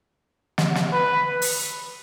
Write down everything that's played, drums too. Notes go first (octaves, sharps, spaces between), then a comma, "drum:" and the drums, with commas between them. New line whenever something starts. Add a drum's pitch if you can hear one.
drum: snare
drum: snare
B4
drum: open hi-hat